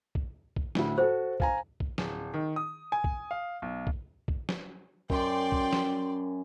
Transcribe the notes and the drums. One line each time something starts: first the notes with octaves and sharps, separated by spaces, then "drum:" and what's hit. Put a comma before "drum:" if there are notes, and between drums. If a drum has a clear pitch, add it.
drum: kick
drum: kick
D2 A2, drum: snare
F#4 A4 C5
F5 G#5 A#5, drum: kick
drum: kick
D1, drum: snare
D#3
D#6
G#5
drum: kick
F5
B1
drum: kick
drum: kick
drum: snare
F#2 D5 G5 C6, drum: kick
drum: kick
drum: snare